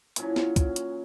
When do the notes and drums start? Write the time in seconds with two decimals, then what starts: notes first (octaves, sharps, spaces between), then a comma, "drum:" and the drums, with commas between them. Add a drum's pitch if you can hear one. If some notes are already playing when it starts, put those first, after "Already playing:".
0.16 A#2 E3 F#3 C#4, drum: hi-hat
0.36 drum: snare
0.56 drum: kick, hi-hat
0.76 drum: hi-hat